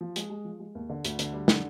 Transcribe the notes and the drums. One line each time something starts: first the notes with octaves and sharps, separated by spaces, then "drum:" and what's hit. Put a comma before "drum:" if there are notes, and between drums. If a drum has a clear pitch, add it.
F3
G#3, drum: hi-hat
G#3
F3
G#3
D#2
D3
D2, drum: hi-hat
D3, drum: hi-hat
G3
D3, drum: snare